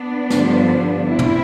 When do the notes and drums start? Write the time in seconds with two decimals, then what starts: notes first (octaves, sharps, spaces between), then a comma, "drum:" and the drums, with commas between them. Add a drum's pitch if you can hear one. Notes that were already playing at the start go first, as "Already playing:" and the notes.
Already playing: B3 D4
0.30 G2 D3 F3, drum: snare
1.08 C4 E4
1.19 drum: tom